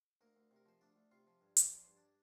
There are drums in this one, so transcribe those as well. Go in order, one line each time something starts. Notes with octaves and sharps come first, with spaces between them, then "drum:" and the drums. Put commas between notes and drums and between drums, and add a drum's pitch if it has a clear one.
D2 A#3 A#4
D2
C3 A#4
F3 C5
D2 D4 D5
D2
C3 F4 F5
F3
G2
F3, drum: hi-hat
F3 D5
G2 C5
D4 D5